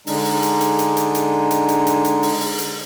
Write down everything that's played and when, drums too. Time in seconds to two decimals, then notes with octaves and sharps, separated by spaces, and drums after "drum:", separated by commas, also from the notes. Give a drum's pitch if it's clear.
0.07 D3 G#3 D4 D#4, drum: open hi-hat
0.25 drum: open hi-hat
0.43 drum: hi-hat
0.61 drum: hi-hat
0.79 drum: hi-hat
0.97 drum: hi-hat
1.15 drum: hi-hat
1.51 drum: hi-hat
1.69 drum: hi-hat
1.87 drum: hi-hat
2.05 drum: hi-hat
2.23 drum: open hi-hat
2.40 drum: open hi-hat
2.58 drum: hi-hat